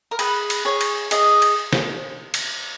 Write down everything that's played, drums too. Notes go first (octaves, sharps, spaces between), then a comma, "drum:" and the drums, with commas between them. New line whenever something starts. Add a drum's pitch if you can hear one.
A#4
G#4 B4, drum: cymbal
drum: cymbal
G#4 C#5
drum: cymbal
G#4 D#5, drum: cymbal
drum: cymbal
drum: snare
drum: cymbal